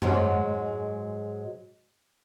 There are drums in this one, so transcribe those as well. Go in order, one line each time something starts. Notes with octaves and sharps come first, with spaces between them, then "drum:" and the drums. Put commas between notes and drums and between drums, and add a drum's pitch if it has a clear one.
G#2 F#3 G#3, drum: tom F#2